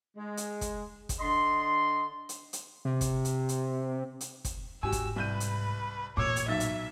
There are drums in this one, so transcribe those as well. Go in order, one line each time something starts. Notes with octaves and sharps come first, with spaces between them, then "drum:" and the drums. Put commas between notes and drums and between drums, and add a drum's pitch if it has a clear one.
G#3
drum: hi-hat
drum: kick, hi-hat
drum: kick, hi-hat
D3 D#5 C6
drum: hi-hat
drum: hi-hat
C3
drum: kick, hi-hat
drum: hi-hat
drum: hi-hat
drum: hi-hat
drum: kick, hi-hat
G#2 F#4 G4 G#5 E6
drum: kick, hi-hat
C2 B4 G6 D#7
drum: hi-hat
A1 A#2 C#5 D6 E6
drum: hi-hat
B1 E5 A6
drum: hi-hat